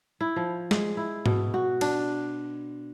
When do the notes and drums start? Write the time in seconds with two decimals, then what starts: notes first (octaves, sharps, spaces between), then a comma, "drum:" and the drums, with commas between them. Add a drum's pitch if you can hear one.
0.21 E4
0.36 F3
0.71 G#3, drum: snare
0.97 E4
1.26 B2, drum: tom G#2
1.54 F#4
1.81 D4, drum: cymbal